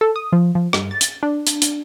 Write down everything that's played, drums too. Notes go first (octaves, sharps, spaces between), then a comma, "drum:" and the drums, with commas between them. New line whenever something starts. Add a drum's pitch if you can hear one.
A4
D#6
F3
F3
G2, drum: rim click
A6
drum: hi-hat
D4
drum: hi-hat
drum: hi-hat